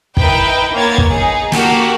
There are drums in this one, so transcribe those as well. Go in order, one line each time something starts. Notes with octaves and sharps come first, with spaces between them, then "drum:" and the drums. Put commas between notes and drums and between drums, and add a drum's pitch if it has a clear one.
D#4 E4 A#4 B4 G5, drum: kick
A#3 B3 C#5 G#6 A6
drum: kick
D#4 G#4
A#3 F#4 G4 A4, drum: snare